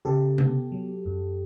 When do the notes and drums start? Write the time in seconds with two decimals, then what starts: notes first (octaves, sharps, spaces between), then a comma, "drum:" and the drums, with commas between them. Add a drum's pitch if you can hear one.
0.05 C#3 G4 A4
0.38 B3, drum: tom C3
0.72 F#3
1.06 F#2